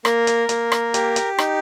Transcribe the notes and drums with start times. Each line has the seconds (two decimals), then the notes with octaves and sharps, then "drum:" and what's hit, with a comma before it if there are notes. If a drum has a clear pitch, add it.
0.05 A#3 A#4, drum: rim click
0.27 drum: hi-hat
0.49 A#3, drum: hi-hat
0.72 drum: rim click
0.94 G4, drum: hi-hat
1.16 drum: hi-hat
1.38 D#4, drum: rim click